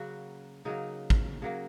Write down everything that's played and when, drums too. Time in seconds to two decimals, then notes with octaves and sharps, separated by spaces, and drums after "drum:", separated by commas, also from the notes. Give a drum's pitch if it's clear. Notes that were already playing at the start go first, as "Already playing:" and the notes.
Already playing: C#3 F#3 A#3 F#4
0.65 C#3 F#3 A#3 D#4
1.10 drum: kick
1.42 C#3 F#3 A#3